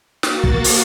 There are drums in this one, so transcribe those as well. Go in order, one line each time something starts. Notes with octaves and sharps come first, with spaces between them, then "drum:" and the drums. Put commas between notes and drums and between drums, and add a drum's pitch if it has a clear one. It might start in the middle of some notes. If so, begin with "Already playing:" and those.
A#3 F#4 A6, drum: snare
drum: kick
drum: open hi-hat